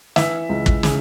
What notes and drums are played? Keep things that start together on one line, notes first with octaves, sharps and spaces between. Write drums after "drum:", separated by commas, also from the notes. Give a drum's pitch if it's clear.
E3 E5, drum: snare
C#2
drum: kick
C#3, drum: snare